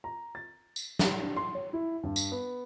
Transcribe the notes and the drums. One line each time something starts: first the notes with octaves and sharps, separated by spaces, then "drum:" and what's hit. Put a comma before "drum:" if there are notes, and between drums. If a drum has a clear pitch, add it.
A#5
A6
drum: tambourine
drum: snare
D4
C6
C#5
E4
G2
drum: tambourine
B3